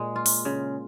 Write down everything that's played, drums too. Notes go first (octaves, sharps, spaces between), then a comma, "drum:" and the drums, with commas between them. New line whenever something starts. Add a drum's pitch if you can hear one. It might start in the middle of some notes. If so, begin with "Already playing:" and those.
Already playing: A#2 G#3
F4
drum: open hi-hat
C#3